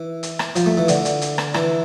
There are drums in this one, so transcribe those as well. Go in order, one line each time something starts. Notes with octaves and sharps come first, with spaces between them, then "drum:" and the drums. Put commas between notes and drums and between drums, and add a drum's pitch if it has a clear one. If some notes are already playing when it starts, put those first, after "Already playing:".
Already playing: E3
drum: hi-hat
drum: rim click
F3, drum: hi-hat
A3
E3
D3, drum: hi-hat
drum: hi-hat
drum: hi-hat
drum: rim click
E3, drum: rim click